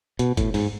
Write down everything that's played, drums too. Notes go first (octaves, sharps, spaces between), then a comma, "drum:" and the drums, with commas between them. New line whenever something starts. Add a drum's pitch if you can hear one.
B2, drum: hi-hat
A2, drum: kick F#1, hi-hat
G#2, drum: open hi-hat